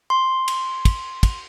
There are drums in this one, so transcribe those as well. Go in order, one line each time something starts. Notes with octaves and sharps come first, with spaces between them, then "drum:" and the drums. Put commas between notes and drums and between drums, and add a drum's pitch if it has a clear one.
C6
drum: cymbal
drum: kick, cymbal
drum: kick, cymbal